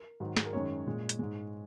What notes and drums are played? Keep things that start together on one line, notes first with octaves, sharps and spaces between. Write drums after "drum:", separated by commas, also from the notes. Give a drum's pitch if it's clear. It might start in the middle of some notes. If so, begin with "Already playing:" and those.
Already playing: A#4
G#2 D#3 F#3
G#4, drum: snare
A#4
F#2 D#3 G#3 C#5
A#2 G#3
drum: hi-hat
G#2 G#3